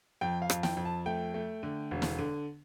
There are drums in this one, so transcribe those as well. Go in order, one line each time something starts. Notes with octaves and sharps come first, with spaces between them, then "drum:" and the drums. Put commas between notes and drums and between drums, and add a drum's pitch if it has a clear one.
F2 G5
F5
F2, drum: rim click
G5, drum: snare
F2
A5
A3 G5
A3
D3
E1
drum: snare
D3